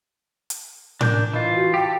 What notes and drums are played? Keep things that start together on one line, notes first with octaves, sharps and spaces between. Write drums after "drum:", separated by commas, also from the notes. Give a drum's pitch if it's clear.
drum: hi-hat
D4 A#4 G6, drum: tom A2
E3 F4 D#5
F#4
G4 A4 G5